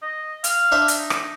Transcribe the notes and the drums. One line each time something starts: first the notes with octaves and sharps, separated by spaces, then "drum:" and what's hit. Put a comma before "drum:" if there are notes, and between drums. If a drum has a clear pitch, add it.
D#5
F5, drum: hi-hat
D4 C5 E5
drum: hi-hat
D#4
drum: rim click